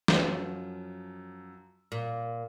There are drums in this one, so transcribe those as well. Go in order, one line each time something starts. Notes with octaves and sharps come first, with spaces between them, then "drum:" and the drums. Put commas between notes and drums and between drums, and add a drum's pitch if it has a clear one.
F#2 F3, drum: snare
A#2